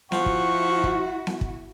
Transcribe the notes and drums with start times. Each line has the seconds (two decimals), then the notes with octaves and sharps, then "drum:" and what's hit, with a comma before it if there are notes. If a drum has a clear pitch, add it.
0.12 F3 E4 F#4 F#5 C#6, drum: snare B3
0.26 drum: kick
0.84 drum: kick
1.27 drum: snare B3
1.41 drum: kick